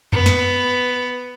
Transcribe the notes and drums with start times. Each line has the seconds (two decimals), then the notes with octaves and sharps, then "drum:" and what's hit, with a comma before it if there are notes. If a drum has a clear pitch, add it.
0.13 B3, drum: tom F2
0.26 drum: snare